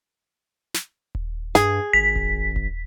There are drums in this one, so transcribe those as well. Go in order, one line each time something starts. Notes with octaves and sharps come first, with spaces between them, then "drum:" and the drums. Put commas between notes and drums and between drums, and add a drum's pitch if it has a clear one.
drum: snare
drum: kick D#1
G2 G#4, drum: snare
G#1 B6
drum: kick D#1
drum: kick D#1